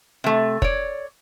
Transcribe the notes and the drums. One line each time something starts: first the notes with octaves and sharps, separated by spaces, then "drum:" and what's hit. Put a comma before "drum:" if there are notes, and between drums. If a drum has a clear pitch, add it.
C3 A3
C#5 D5, drum: kick F1